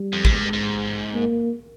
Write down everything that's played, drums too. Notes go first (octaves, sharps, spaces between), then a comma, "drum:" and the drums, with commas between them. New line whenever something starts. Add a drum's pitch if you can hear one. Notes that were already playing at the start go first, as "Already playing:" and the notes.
Already playing: G3
F2
G#2, drum: kick A1
G2 G#3
G#2
A#3